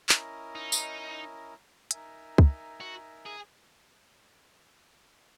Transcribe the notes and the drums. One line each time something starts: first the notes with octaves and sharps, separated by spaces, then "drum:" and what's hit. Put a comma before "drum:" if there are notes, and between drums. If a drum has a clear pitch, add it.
C#4 E4 A#4 D#5, drum: clap
D#4
drum: tambourine
D#4 A#4 E5 G#5, drum: hi-hat
drum: kick
F#4
G#4